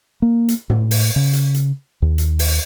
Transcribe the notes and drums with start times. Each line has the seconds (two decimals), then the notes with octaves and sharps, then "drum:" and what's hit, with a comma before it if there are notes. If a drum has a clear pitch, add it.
0.22 A#3
0.48 drum: hi-hat
0.70 A2, drum: tom
0.91 drum: open hi-hat
1.16 C#3
1.33 drum: hi-hat
1.54 drum: hi-hat
2.02 D#2
2.18 drum: hi-hat
2.39 drum: open hi-hat